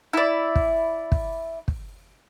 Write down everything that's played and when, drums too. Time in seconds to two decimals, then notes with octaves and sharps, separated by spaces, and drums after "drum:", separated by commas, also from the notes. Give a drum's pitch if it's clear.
0.13 E4 D5
0.56 drum: kick
1.12 drum: kick
1.68 drum: kick